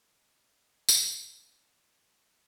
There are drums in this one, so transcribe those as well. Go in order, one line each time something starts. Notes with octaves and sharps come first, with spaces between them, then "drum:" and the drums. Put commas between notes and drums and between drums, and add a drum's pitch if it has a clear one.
C#3 F3 G#3
drum: tambourine